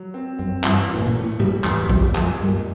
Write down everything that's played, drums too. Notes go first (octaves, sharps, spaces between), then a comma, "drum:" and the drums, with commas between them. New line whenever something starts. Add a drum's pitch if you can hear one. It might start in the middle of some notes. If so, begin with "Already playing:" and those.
Already playing: F#3
C4
F#2 C4
G2 E3, drum: clap
E3
A2
A#2
A3
G#2 G3, drum: tom G#2
E2 B3, drum: clap
F#2
F2 G3, drum: kick
F2 G#3, drum: clap
G2 A#2